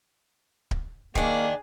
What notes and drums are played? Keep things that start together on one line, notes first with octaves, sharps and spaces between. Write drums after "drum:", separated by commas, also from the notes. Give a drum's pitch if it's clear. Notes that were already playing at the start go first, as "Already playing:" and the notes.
drum: kick D1
D#3 A#3 D4 G#4, drum: kick D1